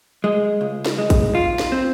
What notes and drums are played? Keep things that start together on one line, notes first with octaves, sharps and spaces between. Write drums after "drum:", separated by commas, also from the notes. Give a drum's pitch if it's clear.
G#3
C#2
drum: snare
G#3
drum: kick, hi-hat
F4
drum: snare
C4